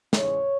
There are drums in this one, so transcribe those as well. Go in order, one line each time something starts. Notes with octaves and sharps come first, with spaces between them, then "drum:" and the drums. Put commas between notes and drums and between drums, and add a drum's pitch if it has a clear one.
E3 G#3 C#4 C#5, drum: snare